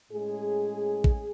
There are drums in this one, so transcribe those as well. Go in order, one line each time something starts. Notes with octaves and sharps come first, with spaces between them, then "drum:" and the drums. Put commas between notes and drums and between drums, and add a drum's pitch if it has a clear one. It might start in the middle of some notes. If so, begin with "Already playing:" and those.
A2 G#3 C#4 G#4
drum: kick